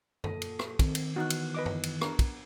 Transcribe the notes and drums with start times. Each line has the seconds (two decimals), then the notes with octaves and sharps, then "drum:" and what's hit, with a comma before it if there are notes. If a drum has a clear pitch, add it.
0.24 A#2 A4, drum: tom F#2
0.42 drum: cymbal
0.59 drum: rim click
0.79 D#3 C4, drum: kick, cymbal
0.95 drum: cymbal
1.16 E3 B3 D#4 F#4 F#6
1.30 drum: cymbal
1.54 B4 D#5 D6
1.66 drum: tom F#2
1.83 drum: cymbal
2.01 D4 A#4, drum: rim click
2.19 drum: kick, cymbal